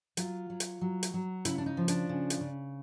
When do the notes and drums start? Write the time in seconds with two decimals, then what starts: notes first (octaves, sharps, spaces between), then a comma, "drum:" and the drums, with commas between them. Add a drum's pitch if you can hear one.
0.17 F#3 F4, drum: hi-hat
0.50 F#3
0.60 drum: hi-hat
0.81 F#3
1.03 drum: hi-hat
1.14 F#3
1.45 C#3 E4, drum: hi-hat
1.58 D4
1.66 D#4
1.77 F3
1.88 D4, drum: hi-hat
2.09 C#3
2.30 drum: hi-hat
2.41 C#3